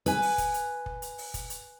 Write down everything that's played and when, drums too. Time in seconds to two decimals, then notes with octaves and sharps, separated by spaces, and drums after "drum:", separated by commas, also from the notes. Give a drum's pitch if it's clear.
0.06 B4 G#5, drum: hi-hat
0.22 drum: open hi-hat
0.38 drum: kick, hi-hat
0.54 drum: hi-hat
0.86 drum: kick
1.02 drum: hi-hat
1.18 drum: open hi-hat
1.34 drum: kick, hi-hat
1.50 drum: hi-hat